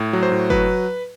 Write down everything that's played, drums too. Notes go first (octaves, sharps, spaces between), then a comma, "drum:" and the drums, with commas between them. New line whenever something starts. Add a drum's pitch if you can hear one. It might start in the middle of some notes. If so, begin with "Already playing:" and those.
Already playing: A2
F#3
C5
A2
F#3 B4, drum: kick F#1